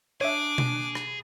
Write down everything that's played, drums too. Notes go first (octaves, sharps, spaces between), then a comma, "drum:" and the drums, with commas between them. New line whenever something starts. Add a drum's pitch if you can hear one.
D4 G#4 C#5 E5 D6
drum: tom B2
drum: rim click